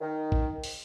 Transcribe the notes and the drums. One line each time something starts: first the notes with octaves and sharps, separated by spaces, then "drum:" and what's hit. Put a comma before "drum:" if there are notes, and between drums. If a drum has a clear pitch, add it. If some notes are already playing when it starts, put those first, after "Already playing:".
D#3
drum: kick
drum: open hi-hat